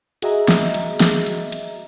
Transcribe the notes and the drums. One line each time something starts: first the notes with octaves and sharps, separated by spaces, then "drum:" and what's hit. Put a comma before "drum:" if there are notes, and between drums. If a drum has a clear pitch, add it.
F#4 G#4 D#5 E5 A#5, drum: hi-hat
drum: snare
drum: hi-hat
drum: snare
drum: hi-hat
drum: hi-hat